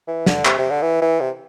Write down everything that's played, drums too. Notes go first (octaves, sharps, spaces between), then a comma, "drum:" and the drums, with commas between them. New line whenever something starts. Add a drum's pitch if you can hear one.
E3
D3, drum: snare
C3, drum: clap
C3
D3
E3
E3
C3